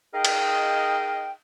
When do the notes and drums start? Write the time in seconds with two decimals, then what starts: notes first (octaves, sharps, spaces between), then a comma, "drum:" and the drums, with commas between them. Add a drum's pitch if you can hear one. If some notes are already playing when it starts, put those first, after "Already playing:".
0.14 D#4 G#4 A#4 D#5 F5 G5
0.25 drum: cymbal